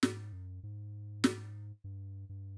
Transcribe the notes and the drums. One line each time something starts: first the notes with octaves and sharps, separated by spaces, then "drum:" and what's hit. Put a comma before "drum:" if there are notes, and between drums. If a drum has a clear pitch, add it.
G#2, drum: snare
F#2
G#2
drum: snare
G2
G2